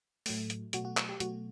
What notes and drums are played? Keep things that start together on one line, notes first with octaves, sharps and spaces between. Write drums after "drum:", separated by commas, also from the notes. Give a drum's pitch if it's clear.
A2 F#3 A3, drum: open hi-hat
drum: hi-hat
B2 F#3 A3 F#4, drum: hi-hat
F#4
F#4, drum: clap
G4
B2 F#3 A3 F#4, drum: hi-hat